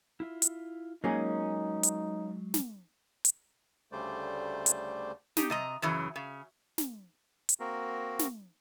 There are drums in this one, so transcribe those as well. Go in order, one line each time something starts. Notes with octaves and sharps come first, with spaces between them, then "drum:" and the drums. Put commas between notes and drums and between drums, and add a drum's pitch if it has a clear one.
E4 F4 E5
drum: hi-hat
F#3 G#3 A#3 C#4 D#4 G#4
drum: hi-hat
drum: snare
drum: hi-hat
D2 C#3 G3 A3 C5 D5
drum: hi-hat
D#4 G4, drum: snare
C3 D#5 A#5
F#2 C#3 E3 F#3
C#3
drum: snare
drum: hi-hat
A#3 C4 F#4 A#4
drum: snare